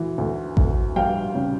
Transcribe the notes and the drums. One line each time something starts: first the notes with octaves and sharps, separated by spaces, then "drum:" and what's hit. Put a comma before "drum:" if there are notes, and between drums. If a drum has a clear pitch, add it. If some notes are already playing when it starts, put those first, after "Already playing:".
Already playing: D2 E3
D2
D2, drum: kick A1
G3 F5 G5
C#3